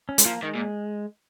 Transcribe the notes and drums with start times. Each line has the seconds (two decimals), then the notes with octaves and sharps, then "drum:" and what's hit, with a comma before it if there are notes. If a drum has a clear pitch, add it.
0.09 C#4
0.18 G#3, drum: hi-hat
0.26 F3 A#3
0.43 D#3 G#3
0.55 A#2